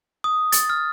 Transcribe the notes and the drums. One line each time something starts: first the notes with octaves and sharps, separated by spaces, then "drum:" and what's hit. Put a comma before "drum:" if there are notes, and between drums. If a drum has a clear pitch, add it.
D#6
A6, drum: hi-hat
F6